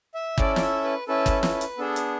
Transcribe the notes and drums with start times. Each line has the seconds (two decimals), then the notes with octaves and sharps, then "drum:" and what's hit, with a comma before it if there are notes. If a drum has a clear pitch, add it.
0.14 E5
0.38 C#4 E4 A4 D5, drum: kick G1
0.56 D5, drum: snare
0.62 E5
0.84 B4
1.08 C#4 E4 A4 B4
1.26 drum: kick G1, hi-hat
1.43 B4, drum: snare
1.61 drum: hi-hat
1.78 B3 D4 G#4 A4
1.96 drum: hi-hat